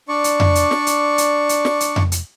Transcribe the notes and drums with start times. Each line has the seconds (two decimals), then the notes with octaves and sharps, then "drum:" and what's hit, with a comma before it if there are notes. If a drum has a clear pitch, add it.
0.08 D4 D5 C#6
0.24 drum: hi-hat
0.40 drum: tom F2
0.55 drum: hi-hat
0.71 drum: snare
0.87 drum: hi-hat
1.18 drum: hi-hat
1.49 drum: hi-hat
1.65 drum: snare
1.80 drum: hi-hat
1.96 drum: tom F2
2.12 drum: hi-hat